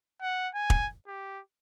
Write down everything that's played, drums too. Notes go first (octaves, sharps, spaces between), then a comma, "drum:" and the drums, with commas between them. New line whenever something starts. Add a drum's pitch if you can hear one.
F#5
G#5
drum: kick
G4